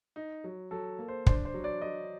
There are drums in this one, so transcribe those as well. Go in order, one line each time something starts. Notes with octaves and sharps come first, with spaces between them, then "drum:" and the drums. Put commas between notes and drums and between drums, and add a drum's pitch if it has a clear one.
D#4
F#3
F#3 A4
A#3
C5
D4 C5, drum: kick
C5
F#3
D5
F#3 D#5